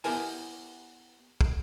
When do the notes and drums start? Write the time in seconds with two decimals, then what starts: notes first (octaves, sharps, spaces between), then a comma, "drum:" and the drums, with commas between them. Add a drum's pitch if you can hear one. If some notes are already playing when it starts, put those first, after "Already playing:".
0.04 B3 E4 G4 A#4 G#5 A5, drum: open hi-hat
1.41 drum: kick